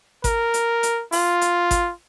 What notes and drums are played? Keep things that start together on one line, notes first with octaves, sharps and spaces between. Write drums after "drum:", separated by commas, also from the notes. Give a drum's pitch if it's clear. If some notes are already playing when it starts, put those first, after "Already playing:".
A#4, drum: kick G#1, hi-hat
drum: hi-hat
drum: hi-hat
F4, drum: open hi-hat
drum: hi-hat
drum: kick G#1, hi-hat